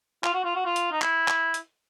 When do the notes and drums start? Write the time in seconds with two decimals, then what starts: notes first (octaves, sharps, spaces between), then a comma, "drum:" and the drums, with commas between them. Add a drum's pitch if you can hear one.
0.24 F4, drum: clap
0.34 F#4
0.44 F4
0.55 F#4
0.65 F4
0.76 drum: hi-hat
0.92 D#4
1.02 E4, drum: clap
1.28 drum: clap
1.54 drum: hi-hat